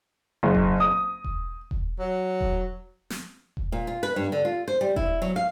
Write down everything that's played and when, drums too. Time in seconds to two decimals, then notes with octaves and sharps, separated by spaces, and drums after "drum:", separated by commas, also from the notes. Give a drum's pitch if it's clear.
0.43 F#1
0.55 drum: kick E1
0.80 D#6
1.24 drum: kick E1
1.71 drum: kick E1
1.99 F#3
2.41 drum: kick E1
3.10 drum: snare
3.57 drum: kick E1
3.72 A#2
3.87 F4
4.03 B4
4.16 G2
4.32 D3
4.45 F4
4.68 C5
4.81 G3
4.96 E4, drum: kick E1
5.22 F#3
5.36 F5